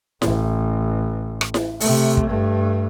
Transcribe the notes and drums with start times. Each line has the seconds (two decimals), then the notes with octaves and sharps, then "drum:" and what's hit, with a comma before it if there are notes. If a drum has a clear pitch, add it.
0.22 A1, drum: snare E4
1.41 drum: rim click
1.54 drum: snare E4
1.80 C3 A3, drum: open hi-hat
2.17 drum: kick
2.28 G2 A3